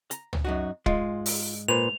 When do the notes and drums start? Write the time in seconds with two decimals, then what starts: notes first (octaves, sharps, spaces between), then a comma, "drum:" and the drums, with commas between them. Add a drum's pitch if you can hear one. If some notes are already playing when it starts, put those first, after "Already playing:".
0.11 A#5, drum: hi-hat
0.33 drum: tom
0.45 F#2 D#4 F#4
0.86 G#2 G#3 F4, drum: kick C#1
1.26 drum: open hi-hat
1.68 A#2 B4 C5 F7